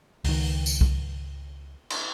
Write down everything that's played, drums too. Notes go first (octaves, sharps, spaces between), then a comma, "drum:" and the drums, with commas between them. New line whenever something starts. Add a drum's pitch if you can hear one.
C#2 D#3, drum: open hi-hat
drum: tambourine
drum: kick
drum: cymbal